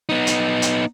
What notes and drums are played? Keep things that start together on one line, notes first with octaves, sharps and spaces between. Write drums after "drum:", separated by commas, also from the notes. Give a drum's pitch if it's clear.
B3 D#4
drum: hi-hat
drum: hi-hat